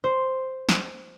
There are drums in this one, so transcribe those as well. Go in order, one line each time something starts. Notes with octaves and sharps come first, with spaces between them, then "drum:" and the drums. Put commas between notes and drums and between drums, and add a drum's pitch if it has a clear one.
C5
drum: snare